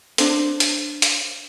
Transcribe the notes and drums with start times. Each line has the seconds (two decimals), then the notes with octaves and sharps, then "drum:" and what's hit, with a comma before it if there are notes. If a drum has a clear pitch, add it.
0.18 D4 C5, drum: hi-hat
0.60 drum: hi-hat
1.02 drum: hi-hat